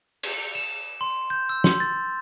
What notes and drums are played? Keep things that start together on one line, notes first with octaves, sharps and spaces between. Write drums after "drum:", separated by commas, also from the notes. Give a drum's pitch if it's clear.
drum: cymbal
E7
C6
G6
E6
C6, drum: snare
A6